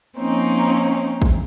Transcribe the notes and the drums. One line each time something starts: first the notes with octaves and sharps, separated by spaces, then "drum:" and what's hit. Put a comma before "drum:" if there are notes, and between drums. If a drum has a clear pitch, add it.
F3 A#3 C4 C#4 D#4
drum: kick